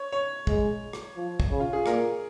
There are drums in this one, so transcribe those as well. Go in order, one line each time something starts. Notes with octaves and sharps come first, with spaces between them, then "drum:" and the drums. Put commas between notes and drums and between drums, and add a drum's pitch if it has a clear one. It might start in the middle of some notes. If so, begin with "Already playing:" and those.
Already playing: C#5
C#5
G#3, drum: kick
drum: rim click
F3
drum: kick
C#3
F4
G#4
A#2 A#4, drum: rim click